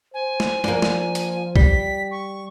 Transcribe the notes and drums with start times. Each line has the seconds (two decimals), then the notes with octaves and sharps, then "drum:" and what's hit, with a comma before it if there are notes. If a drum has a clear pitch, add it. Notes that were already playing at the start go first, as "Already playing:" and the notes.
0.14 C5 G#5
0.40 drum: snare
0.64 F3 A#3 D4, drum: snare
0.82 drum: snare
1.15 drum: hi-hat
1.56 G3 B6, drum: kick B1
2.11 C#6